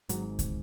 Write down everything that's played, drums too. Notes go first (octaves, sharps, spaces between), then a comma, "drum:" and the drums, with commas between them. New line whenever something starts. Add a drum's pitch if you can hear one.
G#1 G#2 F#3, drum: hi-hat
drum: kick C#2, hi-hat